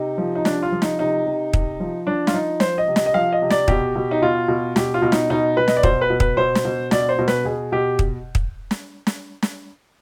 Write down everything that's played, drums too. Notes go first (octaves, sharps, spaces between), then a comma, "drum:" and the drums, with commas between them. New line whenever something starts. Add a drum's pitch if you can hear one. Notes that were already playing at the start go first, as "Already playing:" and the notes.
Already playing: C3 D#4
F3
D#4
C3 D4, drum: snare
F4
F3
D#4, drum: snare
C3 D#4
C3
C3, drum: kick
F3
F3 D4
F4, drum: snare
F3 D#4
F3 C5, drum: snare
D#5
C3
D#5, drum: snare
D#5
F3 F5
D#5
C3
D5, drum: snare
B2 G4, drum: kick
B2
D#4
B2 F4
B2
B2 G4, drum: snare
F4
B2
D#4, drum: snare
B2 D#4
B2 B4
D#5, drum: snare
D5
B2 C5, drum: kick
B4
B2
B4, drum: kick
B2 C5
drum: snare
B2
B2 D5, drum: snare
C5
B2
B4, drum: snare
B2 G#4
B2 G4
drum: kick
drum: kick
drum: snare
drum: snare
drum: snare